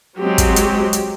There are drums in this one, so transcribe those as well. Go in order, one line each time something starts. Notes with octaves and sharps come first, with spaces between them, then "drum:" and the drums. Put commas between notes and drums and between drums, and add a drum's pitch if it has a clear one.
F#3 G#3 C4 G4
drum: kick, hi-hat
drum: hi-hat
drum: hi-hat